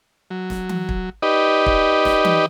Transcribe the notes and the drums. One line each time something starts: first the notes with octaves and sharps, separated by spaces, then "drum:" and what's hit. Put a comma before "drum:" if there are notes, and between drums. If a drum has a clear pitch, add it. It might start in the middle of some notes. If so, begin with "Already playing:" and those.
F#3
drum: snare
drum: tom E3
drum: kick
D#4 G4 B4 D5 D#5
drum: kick
drum: snare
drum: tom E3